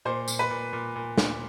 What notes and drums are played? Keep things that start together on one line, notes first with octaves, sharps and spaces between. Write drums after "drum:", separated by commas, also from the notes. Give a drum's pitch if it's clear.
A#2 C5
A#2, drum: tambourine
B4
A#2
A#2
A#2
A#2, drum: snare